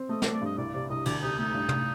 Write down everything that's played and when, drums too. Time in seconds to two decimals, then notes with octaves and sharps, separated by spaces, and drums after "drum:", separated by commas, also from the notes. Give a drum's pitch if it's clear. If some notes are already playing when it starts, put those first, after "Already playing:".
Already playing: C4
0.09 A3 D#5
0.22 D5, drum: snare
0.25 A3
0.33 D5
0.41 G2 D#5
0.58 C2 D5
0.74 C3 D5
0.90 C2 D#5
1.05 D2 D5, drum: cymbal
1.22 C3 D#4
1.38 A3 D#4
1.54 G2
1.69 drum: tom